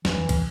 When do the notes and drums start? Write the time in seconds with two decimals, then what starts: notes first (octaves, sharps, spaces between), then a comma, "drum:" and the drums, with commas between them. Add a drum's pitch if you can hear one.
0.05 F2 E3, drum: snare
0.29 drum: kick, cymbal